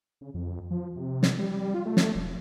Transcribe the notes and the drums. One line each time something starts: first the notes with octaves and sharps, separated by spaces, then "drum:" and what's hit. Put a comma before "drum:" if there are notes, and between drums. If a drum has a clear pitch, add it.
C#3
F2
F3
C3
drum: snare
G3
F4
A3
drum: snare
E1